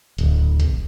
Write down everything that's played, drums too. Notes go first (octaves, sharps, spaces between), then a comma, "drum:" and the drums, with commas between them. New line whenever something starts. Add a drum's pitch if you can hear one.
D1, drum: hi-hat
drum: kick A#1, hi-hat